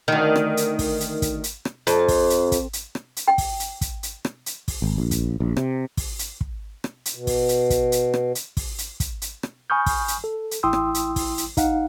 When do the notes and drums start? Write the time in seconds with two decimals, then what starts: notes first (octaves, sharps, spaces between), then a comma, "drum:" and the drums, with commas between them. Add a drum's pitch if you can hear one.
0.08 D2 D#3
0.36 drum: rim click
0.57 drum: hi-hat
0.79 drum: kick, open hi-hat
1.00 drum: hi-hat
1.22 drum: kick, hi-hat
1.44 drum: hi-hat
1.65 drum: rim click
1.87 F2, drum: hi-hat
2.08 drum: kick, open hi-hat
2.30 drum: hi-hat
2.52 drum: kick, hi-hat
2.73 drum: hi-hat
2.95 drum: rim click
3.17 drum: hi-hat
3.28 G5
3.38 drum: kick, open hi-hat
3.60 drum: hi-hat
3.81 drum: kick, hi-hat
4.03 drum: hi-hat
4.25 drum: rim click
4.46 drum: hi-hat
4.68 drum: kick, open hi-hat
4.82 G#1
4.98 A#1
5.11 drum: kick, hi-hat
5.40 A#1
5.57 C3, drum: rim click
5.97 drum: kick, open hi-hat
6.19 drum: hi-hat
6.41 drum: kick
6.84 drum: rim click
7.05 drum: hi-hat
7.15 B2
7.27 drum: kick, open hi-hat
7.49 drum: hi-hat
7.70 drum: kick, hi-hat
7.92 drum: hi-hat
8.14 drum: rim click
8.35 drum: hi-hat
8.57 drum: kick, open hi-hat
8.78 drum: hi-hat
9.00 drum: kick, hi-hat
9.22 drum: hi-hat
9.43 drum: rim click
9.70 G#5 B5 C#6 D#6 F6 G6
9.86 drum: kick, open hi-hat
10.08 drum: hi-hat
10.24 A4
10.51 drum: hi-hat
10.63 A1 E4 G5 C6 D#6 E6
10.73 drum: rim click
10.94 drum: hi-hat
11.16 drum: kick, open hi-hat
11.38 drum: hi-hat
11.57 D#4 F5 F#5, drum: kick, hi-hat